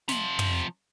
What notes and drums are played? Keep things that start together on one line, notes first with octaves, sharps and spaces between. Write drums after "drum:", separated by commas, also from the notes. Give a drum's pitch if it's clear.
C3 F3, drum: snare
drum: tom